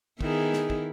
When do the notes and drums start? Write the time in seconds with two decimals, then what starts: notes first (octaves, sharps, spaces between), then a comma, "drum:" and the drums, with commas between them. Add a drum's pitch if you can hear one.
0.21 D#3 B3 D#4 E4 G#4, drum: kick
0.53 drum: snare
0.70 drum: kick